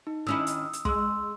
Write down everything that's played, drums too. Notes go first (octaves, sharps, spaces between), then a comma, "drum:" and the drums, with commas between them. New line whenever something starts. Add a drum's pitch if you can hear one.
D#4
D#3 C#4 E4 D#6 E6
drum: hi-hat
drum: hi-hat
G#3 C6 E6, drum: kick